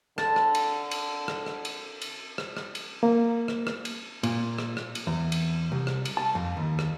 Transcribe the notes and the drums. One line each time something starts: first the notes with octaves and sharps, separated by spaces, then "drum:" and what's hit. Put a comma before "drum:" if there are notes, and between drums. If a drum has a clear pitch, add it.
D3 A5, drum: rim click
drum: rim click
drum: cymbal
drum: cymbal
drum: rim click
drum: rim click
drum: cymbal
drum: cymbal
drum: rim click
drum: rim click
drum: cymbal
A#3
drum: rim click
drum: rim click
drum: cymbal
A#2, drum: cymbal
drum: rim click
drum: rim click
drum: cymbal
E2
drum: cymbal
C2
drum: rim click
drum: cymbal
A5
F2
D#2
drum: rim click